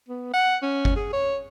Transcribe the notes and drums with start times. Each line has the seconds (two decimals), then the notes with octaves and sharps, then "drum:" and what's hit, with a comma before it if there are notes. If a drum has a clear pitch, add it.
0.08 B3
0.33 F#5
0.62 C#4
0.85 drum: kick G1
0.96 G#4
1.13 C#5